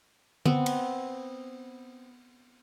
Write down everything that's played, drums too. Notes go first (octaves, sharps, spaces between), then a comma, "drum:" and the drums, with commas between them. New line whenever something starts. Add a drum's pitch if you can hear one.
B3 C4, drum: tom D3
drum: cymbal